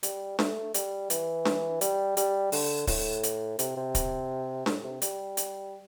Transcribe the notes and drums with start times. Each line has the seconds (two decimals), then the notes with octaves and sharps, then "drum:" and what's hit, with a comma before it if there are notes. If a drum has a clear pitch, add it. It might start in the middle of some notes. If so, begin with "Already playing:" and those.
0.03 G3, drum: hi-hat
0.39 A3, drum: snare D4
0.74 G3, drum: hi-hat
1.10 E3, drum: hi-hat
1.45 drum: snare D4
1.81 G3, drum: hi-hat
2.17 G3, drum: hi-hat
2.52 D3, drum: open hi-hat
2.87 A2, drum: kick, open hi-hat
3.23 drum: hi-hat
3.59 C3, drum: hi-hat
3.77 C3
3.95 drum: kick, hi-hat
4.66 A2, drum: snare D4
4.84 C3
5.02 G3, drum: hi-hat
5.37 drum: hi-hat